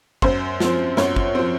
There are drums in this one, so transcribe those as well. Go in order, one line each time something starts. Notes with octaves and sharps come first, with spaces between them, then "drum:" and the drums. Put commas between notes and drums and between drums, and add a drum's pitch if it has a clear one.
F#2 C5, drum: kick
F3 C4, drum: snare
F#2 C#5, drum: snare
drum: kick
F3 C4